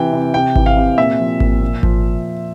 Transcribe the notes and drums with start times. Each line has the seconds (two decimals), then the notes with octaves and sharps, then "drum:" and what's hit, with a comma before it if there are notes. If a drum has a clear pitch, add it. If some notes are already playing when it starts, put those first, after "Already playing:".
Already playing: C3 E3 G5
0.13 C3
0.34 C3 G5
0.56 E3, drum: kick G#1
0.66 F5
0.77 C3
0.98 A#2 E5
1.19 F3
1.40 A#2, drum: kick G#1
1.62 A#2
1.83 F3, drum: kick G#1